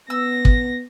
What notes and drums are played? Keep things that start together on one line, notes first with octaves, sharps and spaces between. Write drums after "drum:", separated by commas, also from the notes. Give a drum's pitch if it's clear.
B3 E6 A#6
drum: kick